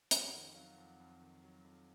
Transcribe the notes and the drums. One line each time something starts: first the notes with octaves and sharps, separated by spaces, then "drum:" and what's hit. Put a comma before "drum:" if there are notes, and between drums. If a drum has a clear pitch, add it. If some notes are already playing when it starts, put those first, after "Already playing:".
F2 F#5, drum: hi-hat
D#3
F#3 F5
F2
F2
D#3
F#3
F2